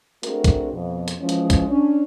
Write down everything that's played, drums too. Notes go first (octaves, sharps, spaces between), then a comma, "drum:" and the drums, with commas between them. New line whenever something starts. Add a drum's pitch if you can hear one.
A3 C4 D4 F#4 G#4 A#4, drum: hi-hat
drum: kick B1, hi-hat
F2 B2
drum: hi-hat
E3 F3 G#3 C#4
drum: hi-hat
drum: kick B1, hi-hat
C#4 D4